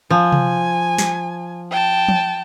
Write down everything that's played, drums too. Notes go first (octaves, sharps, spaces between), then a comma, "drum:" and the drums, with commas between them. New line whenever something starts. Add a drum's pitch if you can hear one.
F3 G#5
drum: tom C3
drum: snare
G5 A5
drum: tom F3